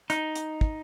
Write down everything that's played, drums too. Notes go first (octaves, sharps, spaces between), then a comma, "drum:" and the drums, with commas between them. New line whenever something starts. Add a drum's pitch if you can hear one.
D#4, drum: hi-hat
drum: hi-hat
drum: kick